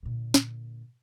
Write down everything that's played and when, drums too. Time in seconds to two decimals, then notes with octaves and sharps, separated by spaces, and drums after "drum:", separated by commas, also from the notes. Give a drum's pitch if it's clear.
0.03 A#2 D3
0.34 drum: snare